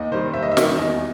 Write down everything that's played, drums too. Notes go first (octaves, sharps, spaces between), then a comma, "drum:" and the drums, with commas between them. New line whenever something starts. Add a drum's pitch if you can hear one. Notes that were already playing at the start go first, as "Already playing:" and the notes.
Already playing: D#2 D#5
D#3 G3 C5
D#2 E5
D#5
E5
D#3 G3, drum: snare
E2 D#5